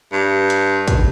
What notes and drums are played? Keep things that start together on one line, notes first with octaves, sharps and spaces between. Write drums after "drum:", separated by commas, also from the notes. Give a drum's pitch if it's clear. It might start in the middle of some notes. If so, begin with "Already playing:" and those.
G2
drum: hi-hat
drum: kick, hi-hat